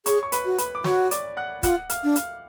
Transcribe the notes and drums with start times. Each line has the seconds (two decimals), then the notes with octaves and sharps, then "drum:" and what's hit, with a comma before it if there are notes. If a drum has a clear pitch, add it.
0.06 G#4 C#5 C#6, drum: hi-hat
0.23 C#6
0.32 B4 B5, drum: hi-hat
0.45 F#4
0.58 B4 B5, drum: hi-hat
0.75 D6
0.84 F#4 C#5 C#6, drum: snare
1.11 D5 D6, drum: hi-hat
1.37 F#5 F#6
1.63 F4 F#5 F#6, drum: kick, hi-hat
1.90 F5 F6, drum: hi-hat
2.04 D4
2.16 F5 F6, drum: hi-hat